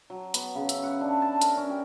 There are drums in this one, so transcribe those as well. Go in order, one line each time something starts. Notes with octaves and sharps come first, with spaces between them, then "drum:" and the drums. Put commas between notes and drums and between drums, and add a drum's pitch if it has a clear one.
F#3
B3, drum: hi-hat
C#3
E5, drum: hi-hat
F#5
D4
A5
A#4, drum: hi-hat
C#4
G4